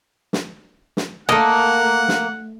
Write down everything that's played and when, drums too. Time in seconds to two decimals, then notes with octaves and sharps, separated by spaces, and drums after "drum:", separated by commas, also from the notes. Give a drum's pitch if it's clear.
0.33 drum: snare
0.97 drum: snare
1.29 A3 A#3 D#5 F#5
2.09 drum: snare